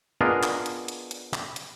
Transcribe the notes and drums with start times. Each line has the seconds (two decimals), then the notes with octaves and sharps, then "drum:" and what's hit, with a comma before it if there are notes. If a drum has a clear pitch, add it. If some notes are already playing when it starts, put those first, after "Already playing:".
0.21 B3 D4 F4 G#4 A#4 D#5
0.43 drum: clap
0.66 drum: hi-hat
0.88 drum: hi-hat
1.11 drum: hi-hat
1.34 drum: clap
1.56 drum: hi-hat